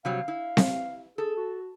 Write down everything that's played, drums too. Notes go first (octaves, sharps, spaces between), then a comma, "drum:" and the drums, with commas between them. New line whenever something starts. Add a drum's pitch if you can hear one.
C3 F#3 G3 F5
E4
drum: snare C4
G#4 A4
F#4